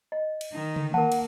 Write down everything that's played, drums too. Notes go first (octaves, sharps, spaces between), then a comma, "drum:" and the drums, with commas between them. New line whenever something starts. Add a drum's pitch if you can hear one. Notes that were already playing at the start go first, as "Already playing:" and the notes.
D#5
drum: cymbal
D#3 D#4
drum: tom
A#3 A#4 F#5 A5, drum: tom D#3
drum: cymbal